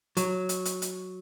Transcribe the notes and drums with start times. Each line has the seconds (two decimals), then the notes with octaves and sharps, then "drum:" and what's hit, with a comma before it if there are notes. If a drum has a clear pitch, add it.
0.17 F#3, drum: hi-hat
0.49 drum: hi-hat
0.65 drum: hi-hat
0.82 drum: hi-hat